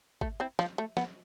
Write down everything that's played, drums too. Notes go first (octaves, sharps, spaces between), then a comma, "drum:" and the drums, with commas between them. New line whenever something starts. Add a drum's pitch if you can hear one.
A3, drum: kick G#1
C4 E4
F3, drum: snare
A3
B3, drum: snare